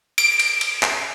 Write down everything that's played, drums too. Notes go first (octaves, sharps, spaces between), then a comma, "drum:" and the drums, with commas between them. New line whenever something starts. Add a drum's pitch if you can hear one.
D7, drum: cymbal
drum: cymbal
drum: cymbal
drum: clap